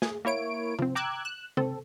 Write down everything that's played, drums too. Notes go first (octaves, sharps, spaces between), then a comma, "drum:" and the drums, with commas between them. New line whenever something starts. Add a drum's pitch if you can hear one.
G#4, drum: snare
A#3 E4 C#5 D7
F3 C4, drum: tom C3
G5 A#5 D6 E6 F#6 G#6
F#6 E7
C4 A4, drum: tom C3